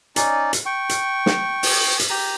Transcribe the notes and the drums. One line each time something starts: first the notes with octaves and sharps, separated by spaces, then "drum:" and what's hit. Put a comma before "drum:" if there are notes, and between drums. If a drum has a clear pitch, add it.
C#4 D#4 D5, drum: hi-hat
drum: hi-hat
G5 C#6
drum: hi-hat
drum: snare
drum: open hi-hat
drum: hi-hat
G4 A#5